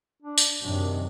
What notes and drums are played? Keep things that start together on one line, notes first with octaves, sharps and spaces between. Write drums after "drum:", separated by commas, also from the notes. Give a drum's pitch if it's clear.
D4
drum: tambourine
F#2 C3 D#3 D4